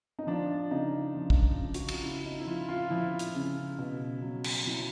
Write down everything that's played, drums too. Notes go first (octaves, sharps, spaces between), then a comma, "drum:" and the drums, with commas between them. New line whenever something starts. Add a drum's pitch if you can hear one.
D#4
F3 D4
C#3 D#4
F3
drum: kick
C#3
F#4, drum: hi-hat
F4, drum: cymbal
C#3 E4
D#4
E4
F3 F4
F4
F3 E4
drum: hi-hat
C#3
B2
F#3
drum: cymbal
F#3 E4